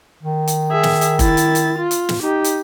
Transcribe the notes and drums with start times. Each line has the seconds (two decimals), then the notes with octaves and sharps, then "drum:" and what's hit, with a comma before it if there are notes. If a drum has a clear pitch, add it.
0.23 D#3
0.47 drum: hi-hat
0.72 G#4 E5
0.83 drum: snare
1.01 drum: hi-hat
1.19 E4 A6, drum: kick F1, hi-hat
1.37 drum: hi-hat
1.55 drum: hi-hat
1.78 F4
1.91 drum: hi-hat
2.09 drum: snare
2.23 D#4 G4
2.44 drum: hi-hat